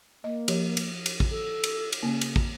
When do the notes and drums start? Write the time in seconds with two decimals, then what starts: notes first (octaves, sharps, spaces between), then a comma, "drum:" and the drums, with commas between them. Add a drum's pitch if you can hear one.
0.24 A#3 D#5
0.48 F3 G4 C#5, drum: cymbal
0.77 drum: cymbal
1.06 drum: cymbal
1.20 drum: kick
1.30 A4
1.64 drum: cymbal
1.92 drum: cymbal
2.03 C#3 A#3 G#5
2.21 drum: cymbal
2.36 drum: kick